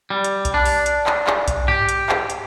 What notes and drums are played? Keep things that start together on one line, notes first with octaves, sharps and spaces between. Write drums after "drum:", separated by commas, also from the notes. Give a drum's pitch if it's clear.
G3
drum: hi-hat
drum: kick B1, hi-hat
D4
drum: open hi-hat
drum: hi-hat
drum: clap
drum: clap
drum: kick B1, hi-hat
G4, drum: tom G2
drum: hi-hat
drum: clap
drum: hi-hat